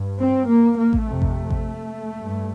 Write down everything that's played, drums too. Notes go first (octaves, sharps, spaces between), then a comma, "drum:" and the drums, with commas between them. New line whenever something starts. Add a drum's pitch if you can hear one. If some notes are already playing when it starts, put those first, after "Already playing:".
Already playing: G2
C4
A#3
A#3
drum: kick A1
F2 C3 A3
drum: kick A1
drum: kick A1
G2